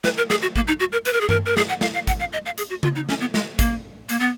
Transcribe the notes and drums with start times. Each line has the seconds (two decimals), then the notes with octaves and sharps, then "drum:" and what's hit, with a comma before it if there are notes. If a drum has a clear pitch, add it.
0.04 B4, drum: snare
0.17 A#4
0.30 G#4, drum: snare
0.42 F#4
0.56 A#3, drum: kick G#1
0.68 D#4
0.80 F#4
0.92 A#4
1.05 B4, drum: hi-hat
1.13 A#4
1.21 G#4
1.29 A#4, drum: tom G2
1.46 A#4
1.57 G#4, drum: snare
1.69 F#5
1.81 F5, drum: snare
1.94 F5
2.07 F#5, drum: kick G#1, hi-hat
2.20 F5
2.33 D#5
2.46 F5
2.58 G#4, drum: hi-hat
2.70 F#4
2.83 F4, drum: tom C#3
2.96 D#4
3.09 C#4, drum: snare
3.21 B3
3.34 G#3, drum: snare
3.59 A#3, drum: kick G#1, hi-hat
4.09 A#3, drum: hi-hat
4.20 B3